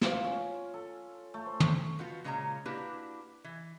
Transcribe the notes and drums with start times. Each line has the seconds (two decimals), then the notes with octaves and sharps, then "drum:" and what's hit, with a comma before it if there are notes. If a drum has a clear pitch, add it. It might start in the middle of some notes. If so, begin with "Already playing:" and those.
0.01 F4, drum: snare
0.24 C#4
0.74 A4
1.34 A3
1.46 C5
1.60 drum: tom
1.99 F3 B3 F4 F#4
2.24 A#2 C#3 G#3 C#4 A#5
2.65 A#3 D4 E4 F#4 G4 B4
3.44 E3